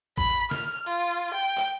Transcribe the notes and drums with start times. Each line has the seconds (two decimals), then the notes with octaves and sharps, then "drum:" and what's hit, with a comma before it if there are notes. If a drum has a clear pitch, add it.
0.18 B5, drum: kick A#1
0.51 F6, drum: snare
0.87 F4
1.34 G5
1.57 drum: clap